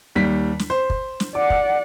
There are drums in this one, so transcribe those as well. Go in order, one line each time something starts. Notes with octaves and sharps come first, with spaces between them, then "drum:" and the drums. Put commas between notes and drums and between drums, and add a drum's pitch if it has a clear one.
D#2 G3 B6
drum: snare
C5
drum: kick
drum: snare
D5 F#5 D6
drum: kick